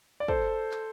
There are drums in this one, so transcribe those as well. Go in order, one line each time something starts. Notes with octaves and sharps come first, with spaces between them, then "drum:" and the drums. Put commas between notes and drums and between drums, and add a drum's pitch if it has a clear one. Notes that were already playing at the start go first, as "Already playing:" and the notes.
D5
A4 C5, drum: kick
drum: clap